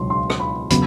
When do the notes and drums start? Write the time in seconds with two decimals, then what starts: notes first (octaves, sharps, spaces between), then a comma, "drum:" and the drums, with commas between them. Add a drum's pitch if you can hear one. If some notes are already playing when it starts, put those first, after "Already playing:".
Already playing: C#2 B2 F#3 C6
0.10 C6
0.30 drum: rim click
0.40 B5
0.70 C#3 F#3 B3 B5, drum: hi-hat